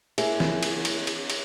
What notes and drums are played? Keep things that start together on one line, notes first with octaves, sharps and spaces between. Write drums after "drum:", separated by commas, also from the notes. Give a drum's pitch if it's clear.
A#3 E4 G#4 E5, drum: cymbal
drum: snare
drum: cymbal
drum: cymbal
drum: cymbal
drum: cymbal